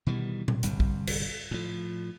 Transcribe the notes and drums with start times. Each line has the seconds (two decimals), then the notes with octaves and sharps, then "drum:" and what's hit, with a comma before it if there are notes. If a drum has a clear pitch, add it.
0.07 B2 D#3 E3 G3
0.48 drum: tom A#2
0.63 G1 C2 G2, drum: hi-hat
0.80 drum: kick
1.07 drum: cymbal
1.51 A2 F3